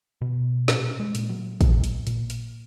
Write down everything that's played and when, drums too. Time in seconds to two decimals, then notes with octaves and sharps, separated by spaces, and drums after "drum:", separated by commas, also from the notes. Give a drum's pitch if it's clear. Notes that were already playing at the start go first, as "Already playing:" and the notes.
0.21 B2
0.68 A#2 C#4, drum: snare
1.00 G#3
1.15 A#2, drum: hi-hat
1.29 F#3
1.61 A#2, drum: kick, hi-hat
1.84 drum: hi-hat
2.07 A#2, drum: hi-hat
2.30 drum: hi-hat